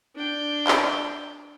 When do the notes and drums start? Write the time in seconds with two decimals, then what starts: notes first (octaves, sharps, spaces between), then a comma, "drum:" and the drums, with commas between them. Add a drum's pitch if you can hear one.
0.16 D4 G5
0.67 drum: clap